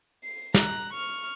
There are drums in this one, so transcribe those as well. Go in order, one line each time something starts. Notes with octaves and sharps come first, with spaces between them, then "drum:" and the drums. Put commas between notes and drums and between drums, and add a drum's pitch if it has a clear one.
C7
A#5 F#6, drum: snare
C#6 F6